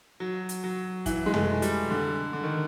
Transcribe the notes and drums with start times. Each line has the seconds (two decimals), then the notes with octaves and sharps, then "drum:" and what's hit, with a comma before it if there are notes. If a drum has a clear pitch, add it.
0.20 F#3
0.49 drum: hi-hat
0.64 F#3
1.06 E3, drum: kick, hi-hat
1.26 G#3
1.34 A3, drum: tom
1.62 G3, drum: hi-hat
1.91 D3
2.33 D3
2.44 D#3